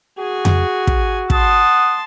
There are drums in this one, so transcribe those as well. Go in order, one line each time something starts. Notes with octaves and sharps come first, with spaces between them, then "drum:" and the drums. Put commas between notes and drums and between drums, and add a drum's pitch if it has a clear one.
F#4 G#4 G#5
drum: tom F2
drum: kick
F#5 A5 C6 D#6, drum: kick